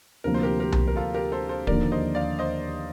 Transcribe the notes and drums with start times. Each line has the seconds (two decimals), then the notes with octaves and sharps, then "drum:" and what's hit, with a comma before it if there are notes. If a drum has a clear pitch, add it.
0.24 D2 C3 F3 A#3 A#4
0.34 C5
0.43 G4 A#4
0.60 G4 A#4
0.72 drum: tom B1
0.88 A#4
0.96 F4 A4
1.14 G4 A#4
1.32 A4 C5
1.49 A4 C5
1.67 D#2 D3 F3 A#3 A#4 D5, drum: kick D1
1.92 C5 D#5
2.15 D5 F5
2.39 C5 D#5